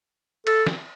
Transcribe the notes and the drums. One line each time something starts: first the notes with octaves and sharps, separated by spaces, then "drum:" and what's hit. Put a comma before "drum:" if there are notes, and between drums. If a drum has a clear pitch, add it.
A4, drum: cymbal
drum: snare